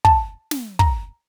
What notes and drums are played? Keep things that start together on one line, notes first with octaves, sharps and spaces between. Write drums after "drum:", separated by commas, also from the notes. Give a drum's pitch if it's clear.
A5, drum: kick
drum: snare
A#5, drum: kick